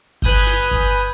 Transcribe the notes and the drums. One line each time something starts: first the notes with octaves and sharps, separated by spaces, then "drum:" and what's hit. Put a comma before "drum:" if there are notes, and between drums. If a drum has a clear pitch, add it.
B4 G#5 B5 D#6 F6 G6, drum: kick G1
drum: snare
drum: kick G1